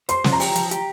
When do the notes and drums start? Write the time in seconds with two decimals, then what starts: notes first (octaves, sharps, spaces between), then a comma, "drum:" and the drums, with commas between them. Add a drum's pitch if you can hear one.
0.09 C5 C6, drum: hi-hat
0.24 F3, drum: snare
0.33 A#5
0.40 G4, drum: open hi-hat
0.56 F3, drum: hi-hat
0.71 G4, drum: hi-hat